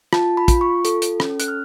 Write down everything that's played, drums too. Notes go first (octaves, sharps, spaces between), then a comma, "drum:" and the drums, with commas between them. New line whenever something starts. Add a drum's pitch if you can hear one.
F4 A5, drum: rim click
B5
F4, drum: kick, hi-hat
C#6
A4, drum: hi-hat
drum: hi-hat
C#4, drum: rim click
F#6, drum: hi-hat
F6